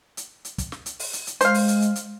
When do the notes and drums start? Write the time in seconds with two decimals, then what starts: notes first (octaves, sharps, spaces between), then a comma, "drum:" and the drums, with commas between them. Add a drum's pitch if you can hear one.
0.17 drum: hi-hat
0.45 drum: hi-hat
0.58 drum: kick, hi-hat
0.72 drum: snare
0.86 drum: hi-hat
0.99 drum: open hi-hat
1.13 drum: hi-hat
1.27 drum: hi-hat
1.41 G#3 C5 F5, drum: hi-hat
1.54 drum: open hi-hat
1.68 drum: hi-hat
1.82 drum: hi-hat
1.96 drum: hi-hat